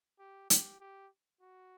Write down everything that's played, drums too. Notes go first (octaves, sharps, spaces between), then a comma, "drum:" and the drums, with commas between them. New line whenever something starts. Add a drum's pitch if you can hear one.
G4
G4, drum: hi-hat
G4
F#4